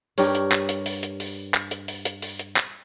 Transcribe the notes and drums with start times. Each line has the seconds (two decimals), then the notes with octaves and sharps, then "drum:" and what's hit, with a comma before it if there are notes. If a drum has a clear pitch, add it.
0.18 G2 G4 A#4 C#5, drum: open hi-hat
0.35 drum: hi-hat
0.52 drum: clap
0.69 drum: hi-hat
0.86 drum: open hi-hat
1.03 drum: hi-hat
1.20 drum: open hi-hat
1.54 drum: clap
1.71 drum: hi-hat
1.88 drum: open hi-hat
2.05 drum: hi-hat
2.22 drum: open hi-hat
2.39 drum: hi-hat
2.57 drum: clap